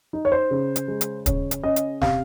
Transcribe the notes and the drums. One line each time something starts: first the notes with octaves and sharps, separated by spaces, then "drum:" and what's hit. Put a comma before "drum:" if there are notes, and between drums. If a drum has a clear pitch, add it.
D#4
C#5
C5
C#3
drum: hi-hat
G#3
drum: hi-hat
C#3 C#5, drum: kick, hi-hat
drum: hi-hat
C#4 D#5
drum: hi-hat
C3 F5, drum: snare